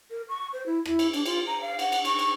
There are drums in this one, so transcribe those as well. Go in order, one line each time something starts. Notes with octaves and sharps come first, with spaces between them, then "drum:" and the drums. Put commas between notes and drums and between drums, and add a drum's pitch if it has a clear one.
A#4
C#6
C5
E4
E4, drum: rim click
drum: cymbal
D4, drum: cymbal
F4, drum: cymbal
A#5
F5
F#5, drum: cymbal
drum: cymbal
C#6, drum: cymbal
drum: cymbal